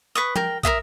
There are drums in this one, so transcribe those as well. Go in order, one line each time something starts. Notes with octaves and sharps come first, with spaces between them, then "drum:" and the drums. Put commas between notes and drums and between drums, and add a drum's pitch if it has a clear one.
B4 C#6 D#6
A#4 G5, drum: tom
A#4 C5 E5 D#6, drum: kick